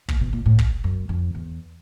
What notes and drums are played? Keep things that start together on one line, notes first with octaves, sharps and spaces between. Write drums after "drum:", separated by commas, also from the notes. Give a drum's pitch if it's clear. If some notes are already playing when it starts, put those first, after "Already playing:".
A#2, drum: kick
B2
A#2
A2
drum: kick
F#2
F2
E2